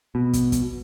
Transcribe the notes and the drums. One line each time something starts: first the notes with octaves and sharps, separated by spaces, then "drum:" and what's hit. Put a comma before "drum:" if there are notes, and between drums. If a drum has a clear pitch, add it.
B2
drum: kick, hi-hat
drum: kick, hi-hat